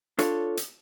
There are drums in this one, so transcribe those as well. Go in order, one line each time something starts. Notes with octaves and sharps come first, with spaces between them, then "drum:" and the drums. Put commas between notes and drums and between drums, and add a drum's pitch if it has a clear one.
D4 F4 A4 C#5, drum: hi-hat
drum: hi-hat